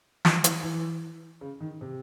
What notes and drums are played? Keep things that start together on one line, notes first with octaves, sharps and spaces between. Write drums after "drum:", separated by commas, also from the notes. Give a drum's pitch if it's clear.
F3, drum: snare
E3, drum: hi-hat
E3
C#3
D#3
C3